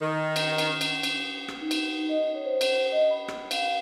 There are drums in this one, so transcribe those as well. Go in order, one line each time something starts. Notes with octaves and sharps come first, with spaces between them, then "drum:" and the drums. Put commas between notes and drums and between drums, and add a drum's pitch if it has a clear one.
D#3
drum: cymbal
drum: cymbal
drum: cymbal
drum: cymbal
drum: rim click
D#4
drum: cymbal
D#4
D#5
C#5
C5
drum: cymbal
D#5
B5
drum: rim click
F5, drum: cymbal